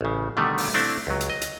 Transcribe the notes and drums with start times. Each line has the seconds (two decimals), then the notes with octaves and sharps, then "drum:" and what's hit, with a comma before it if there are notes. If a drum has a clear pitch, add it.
0.01 A1 C#3
0.37 B2 D3 D#3 G3 A3
0.58 drum: open hi-hat
0.74 A3 C4 D4 E4
1.07 C#2 F#3
1.21 drum: hi-hat
1.30 D#5
1.41 drum: hi-hat